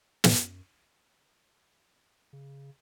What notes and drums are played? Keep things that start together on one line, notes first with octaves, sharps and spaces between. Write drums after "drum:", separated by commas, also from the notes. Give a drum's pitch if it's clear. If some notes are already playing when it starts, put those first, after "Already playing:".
F#2, drum: snare
C#3